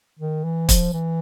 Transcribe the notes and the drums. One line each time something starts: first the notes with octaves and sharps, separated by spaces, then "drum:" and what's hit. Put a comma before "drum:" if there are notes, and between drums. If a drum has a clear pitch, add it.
D#3
E3
F3, drum: kick, hi-hat
E3